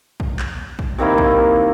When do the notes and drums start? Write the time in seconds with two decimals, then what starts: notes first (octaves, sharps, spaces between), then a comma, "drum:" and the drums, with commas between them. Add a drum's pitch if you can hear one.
0.20 drum: kick A#1
0.39 drum: clap
0.79 drum: kick A#1
0.98 C3 D#3 A#3 E4
1.18 drum: kick A#1